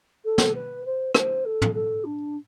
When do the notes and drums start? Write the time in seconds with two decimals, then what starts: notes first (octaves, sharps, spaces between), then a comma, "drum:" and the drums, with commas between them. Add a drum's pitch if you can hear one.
0.25 A4
0.38 drum: snare
0.54 B4
0.85 C5
1.15 C5, drum: rim click
1.45 A4
1.62 drum: tom
1.74 A4
2.04 D4